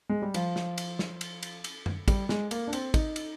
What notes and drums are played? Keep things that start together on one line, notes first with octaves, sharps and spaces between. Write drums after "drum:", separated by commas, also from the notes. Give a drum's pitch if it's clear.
G#3
G3
F3, drum: cymbal
drum: snare
drum: cymbal
drum: snare
drum: cymbal
drum: cymbal
drum: cymbal
drum: tom F#2
G3, drum: kick, cymbal
G#3, drum: snare
A#3, drum: cymbal
D4
C4, drum: cymbal
D#4, drum: kick, cymbal
drum: cymbal